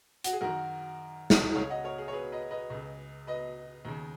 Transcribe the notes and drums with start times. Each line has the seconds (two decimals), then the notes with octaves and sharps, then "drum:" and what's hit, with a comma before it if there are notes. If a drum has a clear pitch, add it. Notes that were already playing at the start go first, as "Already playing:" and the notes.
0.24 F#4, drum: hi-hat
0.33 G#4
0.41 F#2 D#3 F#4 A#4
1.30 drum: snare
1.55 C#2 C#3 C#5 F5
1.70 D#5 F#5
1.84 A#4 C#5
1.98 G#4
2.08 C#5
2.13 G#4 B4
2.32 B4 D#5
2.51 B4 D#5
2.70 C#2 C#3
3.27 B4 D#5
3.85 D#2 C#3